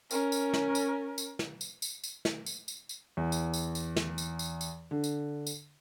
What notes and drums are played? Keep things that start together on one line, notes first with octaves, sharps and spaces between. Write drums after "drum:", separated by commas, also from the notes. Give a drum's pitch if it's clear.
C#4 A#4, drum: tambourine
drum: tambourine
drum: snare
drum: tambourine
drum: tambourine
drum: snare
drum: tambourine
drum: tambourine
drum: tambourine
drum: snare
drum: tambourine
drum: tambourine
drum: tambourine
E2
drum: tambourine
drum: tambourine
drum: tambourine
drum: snare
drum: tambourine
drum: tambourine
drum: tambourine
D3
drum: tambourine
drum: tambourine